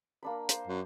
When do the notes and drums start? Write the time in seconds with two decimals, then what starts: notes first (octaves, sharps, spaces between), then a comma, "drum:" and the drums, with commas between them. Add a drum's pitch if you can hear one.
0.23 A#3 D4 B5
0.49 C5, drum: hi-hat
0.67 F#2